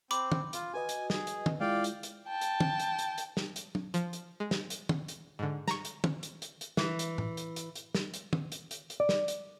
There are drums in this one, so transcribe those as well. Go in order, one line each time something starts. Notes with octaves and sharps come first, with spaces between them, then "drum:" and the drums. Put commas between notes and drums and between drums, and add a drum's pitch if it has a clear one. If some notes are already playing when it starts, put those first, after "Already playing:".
C4 B5 D6, drum: hi-hat
drum: tom
F4, drum: hi-hat
F#4 B4 D#5 G#5
drum: hi-hat
G#4, drum: snare
drum: hi-hat
drum: tom
G#3 E4 F4 D5 F5 G5
drum: hi-hat
drum: hi-hat
G5 A5
drum: hi-hat
drum: tom
drum: hi-hat
drum: hi-hat
drum: hi-hat
drum: snare
drum: hi-hat
drum: tom
F3, drum: hi-hat
drum: hi-hat
G#3
drum: snare
drum: hi-hat
drum: tom
drum: hi-hat
G#2 D3
A#5 C#6, drum: snare
drum: hi-hat
drum: tom
drum: hi-hat
drum: hi-hat
drum: hi-hat
E3, drum: snare
drum: hi-hat
drum: tom
drum: hi-hat
drum: hi-hat
drum: hi-hat
drum: snare
drum: hi-hat
drum: tom
drum: hi-hat
drum: hi-hat
drum: hi-hat
D5
drum: snare
drum: hi-hat